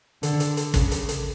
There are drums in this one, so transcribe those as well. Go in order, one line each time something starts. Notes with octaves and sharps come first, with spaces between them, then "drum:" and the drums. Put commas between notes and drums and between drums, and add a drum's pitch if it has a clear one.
D3, drum: hi-hat
drum: hi-hat
drum: hi-hat
C#3, drum: kick, hi-hat
drum: hi-hat
drum: hi-hat